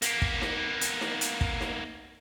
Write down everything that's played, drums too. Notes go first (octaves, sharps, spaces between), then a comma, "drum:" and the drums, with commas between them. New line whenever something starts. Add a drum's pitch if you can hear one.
A#3 B3, drum: hi-hat
drum: kick
drum: snare D#4
drum: hi-hat
drum: snare D#4
drum: hi-hat
drum: kick
drum: snare D#4